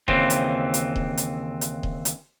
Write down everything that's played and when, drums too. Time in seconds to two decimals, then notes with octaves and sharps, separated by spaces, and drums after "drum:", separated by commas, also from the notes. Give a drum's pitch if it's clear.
0.08 D#2 C#3 E3 C4, drum: kick D#1
0.30 drum: hi-hat
0.74 drum: hi-hat
0.96 drum: kick D#1
1.17 drum: hi-hat
1.61 drum: hi-hat
1.83 drum: kick D#1
2.05 drum: hi-hat